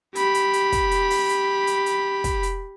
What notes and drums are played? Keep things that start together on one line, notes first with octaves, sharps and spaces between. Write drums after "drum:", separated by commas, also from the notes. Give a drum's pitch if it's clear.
G4 B5, drum: hi-hat
drum: hi-hat
drum: hi-hat
drum: kick, hi-hat
drum: hi-hat
drum: open hi-hat
drum: hi-hat
drum: hi-hat
drum: hi-hat
drum: kick, hi-hat
drum: hi-hat